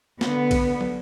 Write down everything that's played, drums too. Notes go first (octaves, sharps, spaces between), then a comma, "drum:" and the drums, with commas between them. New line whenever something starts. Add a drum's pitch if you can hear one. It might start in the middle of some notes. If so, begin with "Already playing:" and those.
D3 B3, drum: snare
drum: kick A#1, cymbal
drum: tom